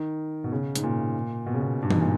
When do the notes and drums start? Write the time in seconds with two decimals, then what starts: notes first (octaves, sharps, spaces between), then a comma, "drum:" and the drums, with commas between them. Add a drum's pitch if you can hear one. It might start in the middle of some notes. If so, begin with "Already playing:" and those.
Already playing: D#3
0.44 B2
0.52 C#3
0.76 G#2, drum: hi-hat
0.83 A#2
1.46 B2
1.54 C#3
1.62 B2
1.82 G2
1.91 G#2, drum: tom E3
2.00 A#2